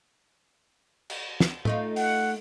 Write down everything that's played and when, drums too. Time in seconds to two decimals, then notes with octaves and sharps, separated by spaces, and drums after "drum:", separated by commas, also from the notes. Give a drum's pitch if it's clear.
1.10 drum: cymbal
1.40 drum: snare
1.65 A3 D#4 F4, drum: tom A2
1.96 F#5, drum: open hi-hat